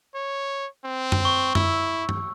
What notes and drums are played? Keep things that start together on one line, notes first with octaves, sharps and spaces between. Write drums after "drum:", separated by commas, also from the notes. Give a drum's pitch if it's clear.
C#5
C4
drum: tom F#2
C#6
E4 E6, drum: tom F#2
drum: tom G2